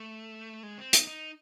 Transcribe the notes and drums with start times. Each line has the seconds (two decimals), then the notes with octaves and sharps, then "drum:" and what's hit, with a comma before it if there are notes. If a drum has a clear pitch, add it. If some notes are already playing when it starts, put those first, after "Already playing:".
Already playing: A3
0.63 G#3
0.78 C4
0.93 D#4, drum: hi-hat
1.07 D#4